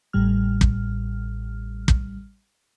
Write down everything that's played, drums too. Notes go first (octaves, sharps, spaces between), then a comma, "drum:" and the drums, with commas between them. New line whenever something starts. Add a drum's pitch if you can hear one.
A1 A2 G3 F6
drum: kick
drum: kick